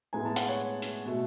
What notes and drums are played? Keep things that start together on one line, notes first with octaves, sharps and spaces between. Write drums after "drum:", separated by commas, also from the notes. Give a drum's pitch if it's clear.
A2 G#3 B3 G#5
A5
F#5, drum: hi-hat
C#5
drum: hi-hat
B2 A3